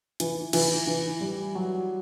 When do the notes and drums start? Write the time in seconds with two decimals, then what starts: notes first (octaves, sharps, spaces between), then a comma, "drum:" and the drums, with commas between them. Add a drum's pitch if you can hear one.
0.20 E3, drum: hi-hat
0.53 E3, drum: cymbal
0.87 E3
1.21 G3
1.55 F#3